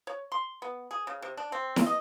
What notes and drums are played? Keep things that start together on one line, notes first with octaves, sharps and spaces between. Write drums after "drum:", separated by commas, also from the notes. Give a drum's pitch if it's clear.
C#5
C6
B3
G#4
C#3
C3
D4
C4
drum: snare E4
D#5